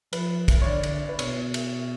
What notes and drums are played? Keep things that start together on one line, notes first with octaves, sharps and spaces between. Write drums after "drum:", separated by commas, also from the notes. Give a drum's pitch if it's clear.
F3 B4, drum: cymbal
drum: kick, cymbal
C#5
D3 D5
drum: cymbal
B4
B2 C#5, drum: cymbal
drum: cymbal